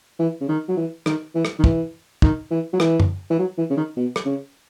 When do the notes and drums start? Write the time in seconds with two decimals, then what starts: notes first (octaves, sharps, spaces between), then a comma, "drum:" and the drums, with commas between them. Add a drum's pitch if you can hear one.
0.19 E3
0.41 C#3
0.48 D#3
0.68 F#3
0.77 E3
1.06 D#3, drum: rim click
1.35 E3
1.45 drum: rim click
1.59 D#3
1.64 E3, drum: kick
2.22 D#3, drum: kick
2.51 E3
2.73 F#3
2.80 E3, drum: rim click
3.00 drum: tom F#2
3.30 E3
3.39 F#3
3.57 E3
3.70 C#3
3.77 D#3
3.96 B2
4.16 drum: rim click
4.25 C#3